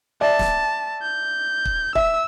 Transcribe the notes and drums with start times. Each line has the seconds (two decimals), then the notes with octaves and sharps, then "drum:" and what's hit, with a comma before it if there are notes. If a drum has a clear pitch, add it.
0.21 D5 E5 A5
0.39 drum: snare
1.02 G6
1.65 drum: kick
1.95 E5 E6, drum: kick